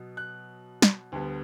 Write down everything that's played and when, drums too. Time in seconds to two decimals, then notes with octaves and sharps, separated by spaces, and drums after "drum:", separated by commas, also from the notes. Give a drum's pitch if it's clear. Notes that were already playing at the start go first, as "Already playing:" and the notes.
Already playing: B2 F#3 B3
0.17 F#6
0.82 drum: snare
1.12 D2 D3 G3 B3